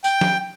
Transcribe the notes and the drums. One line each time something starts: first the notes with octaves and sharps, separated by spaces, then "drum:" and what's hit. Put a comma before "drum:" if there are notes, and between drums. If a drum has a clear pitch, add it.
G5, drum: tambourine
drum: snare